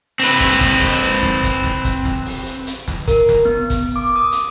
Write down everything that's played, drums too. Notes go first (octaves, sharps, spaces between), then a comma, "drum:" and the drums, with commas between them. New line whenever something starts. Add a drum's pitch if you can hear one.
C4 B4
drum: kick, hi-hat
drum: kick, hi-hat
drum: snare
drum: hi-hat
drum: snare
drum: kick, hi-hat
drum: snare
drum: kick, hi-hat
drum: snare
drum: open hi-hat
drum: hi-hat
drum: hi-hat
drum: snare
A#4, drum: kick, hi-hat
drum: snare
B3
drum: kick, hi-hat
D6
D#6
drum: hi-hat